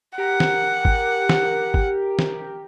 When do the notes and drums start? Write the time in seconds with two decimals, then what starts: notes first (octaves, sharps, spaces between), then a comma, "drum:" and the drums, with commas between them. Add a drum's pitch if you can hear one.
0.18 G4 A#4 F#5
0.40 drum: snare
0.85 drum: kick G#1
1.29 drum: snare
1.74 drum: kick G#1
2.19 drum: snare